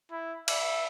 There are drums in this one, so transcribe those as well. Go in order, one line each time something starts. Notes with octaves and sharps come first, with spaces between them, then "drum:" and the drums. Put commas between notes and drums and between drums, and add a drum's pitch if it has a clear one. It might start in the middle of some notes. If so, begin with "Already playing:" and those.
E4
E5, drum: cymbal